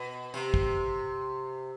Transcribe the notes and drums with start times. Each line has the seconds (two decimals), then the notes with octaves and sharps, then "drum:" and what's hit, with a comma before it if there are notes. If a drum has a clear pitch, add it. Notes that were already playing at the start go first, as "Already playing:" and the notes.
Already playing: B2
0.34 C3, drum: tambourine
0.54 drum: kick